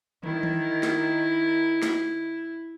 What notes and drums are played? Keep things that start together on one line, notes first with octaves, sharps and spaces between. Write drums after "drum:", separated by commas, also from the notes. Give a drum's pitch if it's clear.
D#3 E4, drum: tom
drum: tom D#3
drum: snare
drum: snare